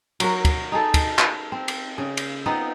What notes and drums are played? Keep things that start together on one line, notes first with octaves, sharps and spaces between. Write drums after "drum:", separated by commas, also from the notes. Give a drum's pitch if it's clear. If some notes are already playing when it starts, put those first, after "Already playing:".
F#3 F#4 A#4, drum: cymbal
drum: kick, cymbal
D#4 G#4 A4
drum: kick, cymbal
drum: clap
C4
drum: cymbal
C#3
drum: cymbal
B3 C4 D#4 F4